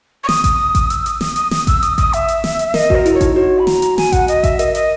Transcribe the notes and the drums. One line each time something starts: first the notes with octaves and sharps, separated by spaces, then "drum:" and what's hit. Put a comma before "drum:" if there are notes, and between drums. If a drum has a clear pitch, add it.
C#6
D#6, drum: snare
drum: kick A1, hi-hat
drum: kick A1, hi-hat
E6, drum: hi-hat
D#6, drum: hi-hat
D#6, drum: snare
D#6, drum: hi-hat
D#6, drum: snare
E6, drum: kick A1, hi-hat
D#6, drum: hi-hat
D#6, drum: kick A1, hi-hat
E5, drum: hi-hat
drum: hi-hat
drum: snare
drum: hi-hat
A#4 D#5, drum: snare
F#4, drum: kick A1
A#4
E4, drum: hi-hat
C#5
D#4, drum: kick A1, hi-hat
F#4 C#5
B5
A#5, drum: snare
drum: hi-hat
G#5, drum: snare
F#5, drum: kick A1, hi-hat
D#5, drum: hi-hat
E5, drum: kick A1, hi-hat
A#4 D#5, drum: hi-hat
D#5, drum: hi-hat